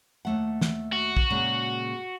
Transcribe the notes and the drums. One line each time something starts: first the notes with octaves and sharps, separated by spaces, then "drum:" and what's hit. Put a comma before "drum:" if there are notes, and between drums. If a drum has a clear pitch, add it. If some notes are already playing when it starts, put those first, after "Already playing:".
D#2 A3 F#5
drum: snare
F#4
drum: kick
A#2 C#3 G#3